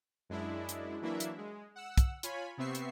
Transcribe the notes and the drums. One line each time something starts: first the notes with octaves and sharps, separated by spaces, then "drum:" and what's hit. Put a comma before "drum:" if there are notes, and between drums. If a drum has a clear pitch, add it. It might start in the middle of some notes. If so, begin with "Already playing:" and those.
F#2 G#3 D4 E4
drum: hi-hat
E3 F#3 A#3 D4 E4 E5
drum: hi-hat
G#3
F#5 E6
drum: kick, hi-hat
F4 C#5 G#5 B5, drum: hi-hat
C3 B3 C4 E5 C#6 C7
drum: hi-hat